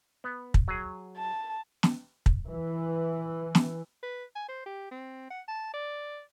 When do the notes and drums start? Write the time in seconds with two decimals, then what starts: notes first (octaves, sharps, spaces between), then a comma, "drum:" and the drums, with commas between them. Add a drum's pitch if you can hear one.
0.24 B3
0.54 drum: kick
0.68 F#3 G#4
1.17 A5
1.83 drum: snare
2.26 drum: kick
2.47 E3
3.55 drum: snare
4.03 B4
4.35 G#5
4.48 C5
4.66 G4
4.91 C4
5.30 F#5
5.48 A5
5.74 D5